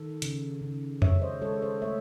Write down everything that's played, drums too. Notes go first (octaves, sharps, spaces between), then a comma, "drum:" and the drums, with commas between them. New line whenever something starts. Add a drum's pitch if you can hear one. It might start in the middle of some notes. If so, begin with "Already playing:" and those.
Already playing: D#3 A4
C#3, drum: hi-hat
C#3
G#3 C#5 E5, drum: tom F2
C5 D#5
G#3 A4 C#5
C5 D#5
A3 C#5 E5